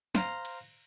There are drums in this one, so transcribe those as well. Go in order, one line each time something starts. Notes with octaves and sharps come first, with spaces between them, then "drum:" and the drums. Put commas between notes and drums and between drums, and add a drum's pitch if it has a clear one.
C5 F5 A#5, drum: snare
drum: cymbal